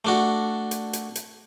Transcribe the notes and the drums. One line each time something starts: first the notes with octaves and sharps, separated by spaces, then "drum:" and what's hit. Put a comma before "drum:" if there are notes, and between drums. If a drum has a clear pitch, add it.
A3 D4 F#4
drum: hi-hat
drum: hi-hat
drum: hi-hat